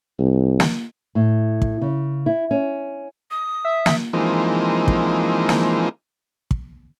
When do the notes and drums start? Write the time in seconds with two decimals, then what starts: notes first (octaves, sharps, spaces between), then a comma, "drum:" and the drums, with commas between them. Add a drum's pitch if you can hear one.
0.19 C2
0.60 drum: snare
1.15 A2
1.62 drum: kick
1.81 C#3
2.26 E4
2.51 C#4
3.31 D#6
3.65 E5
3.86 drum: snare
4.13 E3 F3 G#3 A#3 C4 D#4
4.88 drum: kick
5.49 drum: snare
6.51 drum: kick